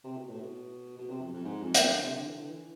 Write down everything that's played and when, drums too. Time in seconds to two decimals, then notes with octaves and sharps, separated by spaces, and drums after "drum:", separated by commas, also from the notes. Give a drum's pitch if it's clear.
0.04 C3
0.17 B2
0.28 A2
0.41 B2
0.98 B2
1.10 C3
1.21 F2
1.33 F2
1.45 G#2
1.63 F2
1.74 G#2, drum: hi-hat
1.80 F2
1.91 D3
2.03 C3
2.16 D3
2.26 E3
2.38 D3
2.50 E3